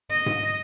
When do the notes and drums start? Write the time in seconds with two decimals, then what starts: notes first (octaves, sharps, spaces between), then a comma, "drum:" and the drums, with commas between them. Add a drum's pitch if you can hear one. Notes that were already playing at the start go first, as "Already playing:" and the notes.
0.11 D#5
0.26 drum: tom G#2